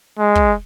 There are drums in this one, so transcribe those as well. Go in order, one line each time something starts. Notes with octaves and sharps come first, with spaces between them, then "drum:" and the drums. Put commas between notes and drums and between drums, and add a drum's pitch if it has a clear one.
G#3
drum: kick